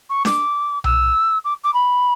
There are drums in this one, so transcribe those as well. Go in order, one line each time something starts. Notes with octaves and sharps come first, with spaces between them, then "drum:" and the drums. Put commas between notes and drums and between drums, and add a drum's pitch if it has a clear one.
C#6
D6, drum: snare D4
E6, drum: tom B1
D6
D6
B5